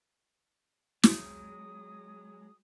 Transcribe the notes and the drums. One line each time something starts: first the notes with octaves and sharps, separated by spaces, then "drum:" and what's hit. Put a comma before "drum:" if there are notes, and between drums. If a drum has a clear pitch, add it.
F#3 G#3 D#6, drum: snare